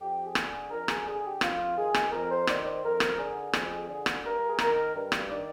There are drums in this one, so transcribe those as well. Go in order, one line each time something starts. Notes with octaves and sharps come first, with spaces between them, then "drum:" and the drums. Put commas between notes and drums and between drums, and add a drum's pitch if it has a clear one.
F2 G4
G#4
D3, drum: rim click
G#4
F2 A#4
G#4, drum: rim click
D3 G#4
G4
F2 F4, drum: rim click
D#3 G#4
drum: rim click
F2 A#4
C5
D#3 D5, drum: rim click
C5
F2 A#4
drum: rim click
D3 G#4
F2, drum: rim click
D3
drum: rim click
G2 A#4
G#4
D#3 A#4, drum: rim click
G2
drum: rim click
D#3 D5